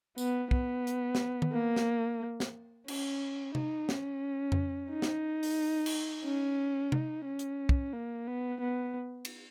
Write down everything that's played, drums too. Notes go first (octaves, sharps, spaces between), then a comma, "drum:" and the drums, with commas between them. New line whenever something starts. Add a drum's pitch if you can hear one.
B3, drum: tambourine
B3, drum: kick
drum: hi-hat
drum: snare
drum: tom D#3
A#3
drum: snare
drum: snare
C#4, drum: cymbal
D#4, drum: tom C3
C#4, drum: snare
drum: tom F2
D#4
drum: snare
drum: open hi-hat
drum: cymbal
C#4
D#4, drum: tom C3
C#4
drum: hi-hat
drum: kick
A#3
B3
B3
drum: cymbal